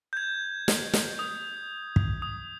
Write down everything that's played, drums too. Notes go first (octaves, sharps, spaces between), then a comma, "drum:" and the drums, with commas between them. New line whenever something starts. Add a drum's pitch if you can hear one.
G6
G#6
drum: snare
drum: snare
D#6
drum: kick
D#6